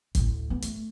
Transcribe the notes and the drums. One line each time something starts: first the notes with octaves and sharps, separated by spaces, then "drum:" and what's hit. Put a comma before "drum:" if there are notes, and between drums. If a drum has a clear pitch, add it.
D2 A2, drum: kick, hi-hat
B3
A3, drum: hi-hat